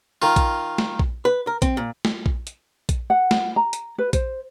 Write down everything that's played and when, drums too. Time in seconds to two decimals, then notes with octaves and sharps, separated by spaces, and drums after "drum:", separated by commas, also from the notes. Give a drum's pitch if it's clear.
0.22 D#3 F4
0.36 drum: kick A#1, hi-hat
0.78 drum: snare
0.99 drum: kick A#1
1.25 B4
1.47 A#4
1.62 C4, drum: kick A#1, hi-hat
1.77 A#2
2.05 drum: snare
2.26 drum: kick A#1
2.47 drum: hi-hat
2.89 drum: kick A#1, hi-hat
3.10 F#5
3.31 drum: snare
3.56 A#5
3.73 drum: hi-hat
3.98 B4
4.13 C5, drum: kick A#1, hi-hat